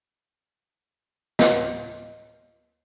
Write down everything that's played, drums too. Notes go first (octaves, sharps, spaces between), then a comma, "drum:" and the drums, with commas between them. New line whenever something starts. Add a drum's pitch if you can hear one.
D#5, drum: snare